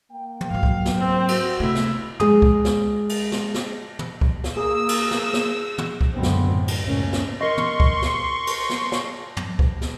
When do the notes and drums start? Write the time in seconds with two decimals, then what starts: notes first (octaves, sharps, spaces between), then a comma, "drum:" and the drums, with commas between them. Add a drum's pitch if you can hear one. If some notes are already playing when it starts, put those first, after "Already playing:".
0.11 A#3 G5
0.41 drum: tom
0.51 G#2 F#3 F5
0.63 drum: kick C2
0.85 drum: snare
0.97 C4
1.28 F#4, drum: cymbal
1.60 C3 A3 E4
1.75 drum: snare
2.20 G#3 G#4 D#6, drum: tom
2.42 drum: kick C2
2.65 drum: snare
3.09 drum: cymbal
3.32 drum: snare
3.54 drum: snare
3.99 drum: tom
4.21 drum: kick C2
4.44 drum: snare
4.57 A#3 G#4 D#6 E6
4.89 drum: cymbal
5.11 drum: snare
5.33 drum: snare
5.78 drum: tom
6.01 drum: kick C2
6.13 F#1 A#2 D3 G#3 B3 C4
6.23 drum: snare
6.46 A2
6.68 drum: cymbal
6.86 F#1 C#2 A2 A#3 C#4
7.13 drum: snare
7.41 A#4 D#5 C6 C#6
7.57 drum: tom
7.80 drum: kick C2
8.02 drum: snare
8.47 drum: cymbal
8.69 drum: snare
8.92 drum: snare
9.37 drum: tom
9.59 drum: kick C2
9.81 drum: snare